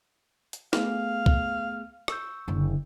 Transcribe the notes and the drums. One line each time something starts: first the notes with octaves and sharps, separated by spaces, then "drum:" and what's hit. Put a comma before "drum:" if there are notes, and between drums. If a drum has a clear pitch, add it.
drum: hi-hat
A3 B3 G#4 F5, drum: snare
drum: kick C2
C#6 E6 G6, drum: rim click
F#1 D3